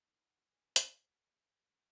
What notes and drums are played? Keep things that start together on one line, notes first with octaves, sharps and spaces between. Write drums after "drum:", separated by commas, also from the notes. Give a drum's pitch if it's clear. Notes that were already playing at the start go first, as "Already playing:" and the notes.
Already playing: D#4
F#5
B3 G#5
A#3 F#5, drum: hi-hat
F#3
C#3
F#5